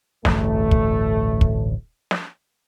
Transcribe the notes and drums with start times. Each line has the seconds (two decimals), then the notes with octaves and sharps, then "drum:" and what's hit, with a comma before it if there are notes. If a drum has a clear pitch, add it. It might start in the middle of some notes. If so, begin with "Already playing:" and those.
0.25 D1 A1 G2 A3, drum: snare
0.71 drum: kick
1.41 drum: kick
2.11 drum: snare